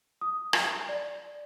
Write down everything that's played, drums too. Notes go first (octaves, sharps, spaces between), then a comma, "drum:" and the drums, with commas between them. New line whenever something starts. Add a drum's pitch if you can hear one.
D#6
drum: rim click
D5